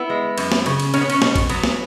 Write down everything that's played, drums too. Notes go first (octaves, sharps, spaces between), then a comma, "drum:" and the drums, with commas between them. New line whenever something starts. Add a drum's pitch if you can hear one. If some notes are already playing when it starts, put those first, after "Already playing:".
Already playing: B3 E4
G#3
F#2, drum: cymbal
drum: snare
C#3, drum: cymbal
drum: cymbal
B2 C#4, drum: cymbal
B3
C#4, drum: cymbal
B2, drum: snare
drum: kick, cymbal
F#3 B3, drum: cymbal
drum: snare